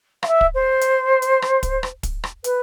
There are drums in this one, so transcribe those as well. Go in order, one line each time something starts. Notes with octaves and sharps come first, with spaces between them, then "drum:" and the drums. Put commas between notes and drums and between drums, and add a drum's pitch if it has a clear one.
F5, drum: rim click
E5
drum: kick
C5
drum: hi-hat
drum: hi-hat
drum: rim click
drum: kick, hi-hat
drum: rim click
drum: kick, hi-hat
drum: rim click
B4, drum: hi-hat